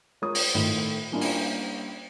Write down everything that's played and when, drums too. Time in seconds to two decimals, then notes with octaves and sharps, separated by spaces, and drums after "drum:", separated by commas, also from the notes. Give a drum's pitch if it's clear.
0.22 G#3 F4 A#4 C#5 D#6
0.35 drum: open hi-hat
0.54 A2 D#3 A3 F4
1.12 G3 A#3 C#4 D4 E4 F4
1.21 drum: open hi-hat